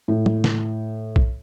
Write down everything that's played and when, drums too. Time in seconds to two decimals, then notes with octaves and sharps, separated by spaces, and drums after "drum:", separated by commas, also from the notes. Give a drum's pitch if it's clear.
0.08 A2
0.26 drum: tom
0.44 drum: snare
1.16 drum: kick